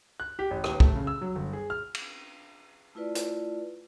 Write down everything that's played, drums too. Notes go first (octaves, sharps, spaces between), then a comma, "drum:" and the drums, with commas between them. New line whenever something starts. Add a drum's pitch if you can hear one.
F#6
G4
A1
D#2, drum: rim click
A3, drum: kick
C#3
E6
F#3
G1
G#4
F6
drum: cymbal
A3 E4 F4 B4 D5
drum: hi-hat